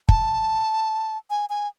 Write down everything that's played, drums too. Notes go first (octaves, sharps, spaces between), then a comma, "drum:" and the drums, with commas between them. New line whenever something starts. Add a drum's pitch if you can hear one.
A5, drum: kick
G#5
G#5